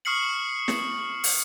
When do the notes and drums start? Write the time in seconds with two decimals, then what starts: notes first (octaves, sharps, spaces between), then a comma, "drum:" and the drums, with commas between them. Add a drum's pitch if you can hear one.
0.05 C#6 D#6 F6 C7 C#7 F#7
0.68 drum: snare
1.24 drum: open hi-hat